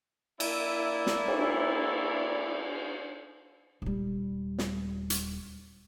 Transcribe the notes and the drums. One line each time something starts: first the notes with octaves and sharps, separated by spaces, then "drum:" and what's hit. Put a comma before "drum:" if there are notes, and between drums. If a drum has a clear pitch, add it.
A#3 D4 E4, drum: cymbal
drum: snare
drum: cymbal
D#1 G3
drum: snare
drum: hi-hat